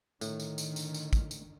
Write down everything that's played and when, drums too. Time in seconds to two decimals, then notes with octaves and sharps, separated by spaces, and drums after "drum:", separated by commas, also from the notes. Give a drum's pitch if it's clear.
0.21 A2 D3 D#3, drum: tambourine
0.40 drum: tambourine
0.58 drum: tambourine
0.76 drum: tambourine
0.94 drum: tambourine
1.13 drum: kick, tambourine
1.31 drum: tambourine